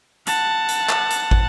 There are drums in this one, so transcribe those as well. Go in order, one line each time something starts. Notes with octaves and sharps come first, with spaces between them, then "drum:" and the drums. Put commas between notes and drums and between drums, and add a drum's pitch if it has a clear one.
F#5 A5, drum: hi-hat
drum: hi-hat
drum: clap
drum: hi-hat
drum: kick